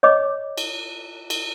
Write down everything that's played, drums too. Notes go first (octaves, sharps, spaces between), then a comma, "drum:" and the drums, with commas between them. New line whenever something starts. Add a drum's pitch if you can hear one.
C#5 D#5 D6
drum: cymbal
drum: cymbal